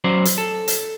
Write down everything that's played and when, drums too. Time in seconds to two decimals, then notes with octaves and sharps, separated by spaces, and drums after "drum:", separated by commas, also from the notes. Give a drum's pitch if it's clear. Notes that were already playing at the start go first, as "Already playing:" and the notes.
0.04 F#3 C#4 C5 D5
0.25 drum: hi-hat
0.38 A4
0.68 drum: hi-hat